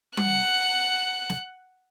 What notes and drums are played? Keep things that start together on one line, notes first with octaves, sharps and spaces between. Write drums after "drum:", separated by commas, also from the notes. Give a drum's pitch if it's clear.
F#5 F#6, drum: tom G3
drum: snare